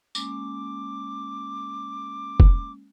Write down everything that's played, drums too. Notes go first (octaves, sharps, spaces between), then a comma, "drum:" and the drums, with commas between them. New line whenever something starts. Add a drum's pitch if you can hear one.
G#3 A#3 C#4 D6, drum: tambourine
drum: kick